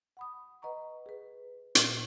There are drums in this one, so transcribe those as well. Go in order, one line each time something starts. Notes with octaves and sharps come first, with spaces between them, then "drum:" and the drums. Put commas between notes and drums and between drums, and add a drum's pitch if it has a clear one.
F#5 B5 D#6
B4 D#5 F#5 A#5 C#6
G#4 B4
A#2, drum: hi-hat